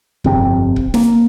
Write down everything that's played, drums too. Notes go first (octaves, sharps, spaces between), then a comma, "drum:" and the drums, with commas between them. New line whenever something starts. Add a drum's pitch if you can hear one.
G1 F2 C3 C4, drum: kick C#1
drum: kick C#1
A#3, drum: snare